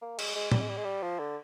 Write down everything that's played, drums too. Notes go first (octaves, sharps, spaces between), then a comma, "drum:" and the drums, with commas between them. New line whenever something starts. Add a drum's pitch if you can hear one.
A#3
G#3, drum: cymbal
G#3
G3, drum: tom A2
G#3
G3
G#3
G3
F3
D3